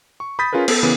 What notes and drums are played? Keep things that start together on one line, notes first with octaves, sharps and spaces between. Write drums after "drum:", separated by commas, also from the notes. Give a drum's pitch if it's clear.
C#6
B5 D#6 G6 A6 B6
C#4 F4 G#4 A#4 B4
B3 A4, drum: cymbal
C#3 E3 B3